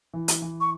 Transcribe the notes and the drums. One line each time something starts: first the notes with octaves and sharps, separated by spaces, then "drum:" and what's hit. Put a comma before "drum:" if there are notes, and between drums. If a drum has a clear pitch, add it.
E3
drum: hi-hat
E3
C#6